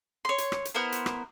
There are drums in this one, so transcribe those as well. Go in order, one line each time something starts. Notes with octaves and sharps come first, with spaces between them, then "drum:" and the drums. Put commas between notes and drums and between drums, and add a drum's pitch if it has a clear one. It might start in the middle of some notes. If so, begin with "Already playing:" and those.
C#5 C6
drum: hi-hat
drum: rim click
drum: hi-hat
B3 E4 A#4 C5
drum: hi-hat
drum: rim click